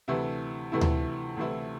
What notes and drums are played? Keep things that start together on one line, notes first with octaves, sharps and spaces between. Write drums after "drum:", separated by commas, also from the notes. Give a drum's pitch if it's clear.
D2 C3 E3 A3 E4
D2 C3 E3 A3 E4
drum: tom D2
D2 C3 E3 A3 E4